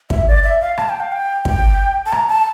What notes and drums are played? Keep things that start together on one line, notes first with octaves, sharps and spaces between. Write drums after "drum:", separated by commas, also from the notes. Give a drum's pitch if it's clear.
E5, drum: kick
D5
E5
F5
A5, drum: rim click
G5
F5
G5
G5, drum: kick
A5
A#5, drum: rim click
A5